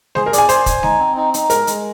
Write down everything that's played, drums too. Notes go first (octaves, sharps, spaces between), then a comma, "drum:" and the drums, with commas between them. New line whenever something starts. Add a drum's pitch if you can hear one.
G#4 C5, drum: snare G#3
A#4
D5, drum: hi-hat
G#5
C5 G#5, drum: hi-hat
G#5, drum: kick, hi-hat
D#4, drum: snare G#3
C4
D#4
D#4, drum: hi-hat
G#3 A#4, drum: hi-hat
G#3, drum: hi-hat